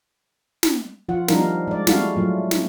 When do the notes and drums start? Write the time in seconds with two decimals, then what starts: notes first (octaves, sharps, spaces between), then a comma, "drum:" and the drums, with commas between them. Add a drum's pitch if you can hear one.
0.63 drum: snare
1.09 F3 F4 F#5
1.28 F3 G3 D4 D#4 A#4 F5, drum: snare
1.67 G#3 D5
1.87 G3 G#3 E4 F#4 A4 F5, drum: snare
2.16 F#3 A3 F4
2.51 drum: snare